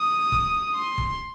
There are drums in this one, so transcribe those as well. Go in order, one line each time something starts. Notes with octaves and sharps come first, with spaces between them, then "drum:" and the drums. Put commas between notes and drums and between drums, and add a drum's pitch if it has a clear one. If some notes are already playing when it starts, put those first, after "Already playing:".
Already playing: D#6
drum: kick
C6
drum: kick